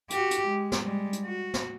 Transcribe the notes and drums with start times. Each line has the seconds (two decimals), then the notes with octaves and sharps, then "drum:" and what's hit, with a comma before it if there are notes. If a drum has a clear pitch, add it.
0.10 F#4 G4, drum: hi-hat
0.31 drum: hi-hat
0.47 G#3
0.72 drum: snare
0.84 G3 G#3
1.13 drum: hi-hat
1.24 F#4
1.54 drum: snare